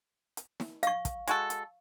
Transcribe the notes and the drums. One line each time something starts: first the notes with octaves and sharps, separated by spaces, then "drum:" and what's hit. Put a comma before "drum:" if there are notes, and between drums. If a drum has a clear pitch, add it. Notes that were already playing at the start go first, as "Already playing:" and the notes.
drum: hi-hat
drum: snare
F5 C#6, drum: hi-hat
drum: kick, hi-hat
G#3 F#4 A4, drum: hi-hat
drum: hi-hat